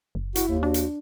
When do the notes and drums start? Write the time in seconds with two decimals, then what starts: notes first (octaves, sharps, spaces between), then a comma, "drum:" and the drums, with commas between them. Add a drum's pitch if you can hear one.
0.15 F#1
0.35 E4 F#4, drum: hi-hat
0.48 D#2
0.63 D4 F#4
0.74 drum: hi-hat